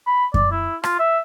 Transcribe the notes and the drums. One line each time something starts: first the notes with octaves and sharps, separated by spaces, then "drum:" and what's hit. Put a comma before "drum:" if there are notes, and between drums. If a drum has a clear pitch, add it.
B5
D5, drum: kick F#2
E4
F4, drum: rim click
E5